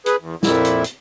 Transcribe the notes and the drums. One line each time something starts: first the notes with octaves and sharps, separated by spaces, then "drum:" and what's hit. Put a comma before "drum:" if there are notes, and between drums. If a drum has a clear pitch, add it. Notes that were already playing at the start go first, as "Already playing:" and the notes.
G#4 B4, drum: hi-hat
E2
F2 A#2 E4, drum: snare
drum: hi-hat
drum: hi-hat